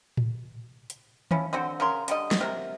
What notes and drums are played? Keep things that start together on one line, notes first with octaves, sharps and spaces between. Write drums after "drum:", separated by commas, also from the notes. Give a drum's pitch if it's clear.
drum: tom A2
drum: hi-hat
F3 C#4 E4, drum: tom D#3
D3 C4 F#4 C5
C#3 A#4 C6
D3 G3 D#5, drum: hi-hat
drum: snare
C3 A#4